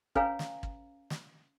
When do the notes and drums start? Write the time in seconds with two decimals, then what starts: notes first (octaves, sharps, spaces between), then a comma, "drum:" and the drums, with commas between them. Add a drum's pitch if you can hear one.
0.15 C#4 B4 C#5 F5 G#5 A#5, drum: kick
0.39 drum: snare
0.63 drum: kick
1.10 drum: snare